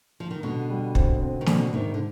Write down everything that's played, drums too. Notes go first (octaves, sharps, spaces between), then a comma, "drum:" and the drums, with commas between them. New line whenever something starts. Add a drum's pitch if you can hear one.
F3
D#3
B2 D3 G3
G3
C4, drum: kick
C4
D#3
B2 D3 D4, drum: snare
D3
G#2 C3 D#3
D3